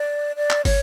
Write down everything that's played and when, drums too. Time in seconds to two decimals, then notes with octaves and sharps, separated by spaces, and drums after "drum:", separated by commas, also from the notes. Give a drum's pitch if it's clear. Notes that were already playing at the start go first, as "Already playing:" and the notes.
Already playing: D5
0.36 D5
0.50 drum: clap
0.65 C#5, drum: kick, open hi-hat